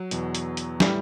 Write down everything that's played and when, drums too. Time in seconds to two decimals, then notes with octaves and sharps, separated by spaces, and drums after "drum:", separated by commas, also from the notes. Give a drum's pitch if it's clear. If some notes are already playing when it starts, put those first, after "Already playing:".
Already playing: F#3
0.11 E2 B2, drum: hi-hat
0.35 drum: hi-hat
0.57 drum: hi-hat
0.80 A2 E3 G3, drum: snare